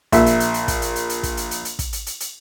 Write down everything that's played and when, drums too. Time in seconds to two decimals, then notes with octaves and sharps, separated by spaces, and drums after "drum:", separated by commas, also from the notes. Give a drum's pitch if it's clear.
0.12 A#1 E5, drum: kick, hi-hat
0.26 drum: hi-hat
0.40 drum: hi-hat
0.54 drum: hi-hat
0.68 drum: kick, hi-hat
0.82 drum: hi-hat
0.96 drum: hi-hat
1.09 drum: hi-hat
1.23 drum: kick, hi-hat
1.37 drum: hi-hat
1.51 drum: hi-hat
1.65 drum: hi-hat
1.79 drum: kick, hi-hat
1.93 drum: hi-hat
2.06 drum: hi-hat
2.20 drum: hi-hat